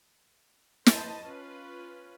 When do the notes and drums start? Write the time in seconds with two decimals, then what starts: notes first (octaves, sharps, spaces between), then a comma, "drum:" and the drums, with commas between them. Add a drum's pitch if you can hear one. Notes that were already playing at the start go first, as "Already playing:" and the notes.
0.86 B4 C5 D#5 A5, drum: snare
1.24 C#4 F4 B4